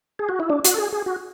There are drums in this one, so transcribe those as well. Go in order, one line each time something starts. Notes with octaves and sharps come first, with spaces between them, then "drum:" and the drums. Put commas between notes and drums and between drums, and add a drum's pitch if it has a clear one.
G#4
F#4
E4
D4
F#4, drum: hi-hat
A4
G#4
G#4
F#4